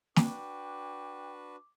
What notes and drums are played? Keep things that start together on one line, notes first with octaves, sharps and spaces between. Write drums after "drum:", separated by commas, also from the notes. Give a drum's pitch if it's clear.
D4 F#4 B4 G5 D6, drum: snare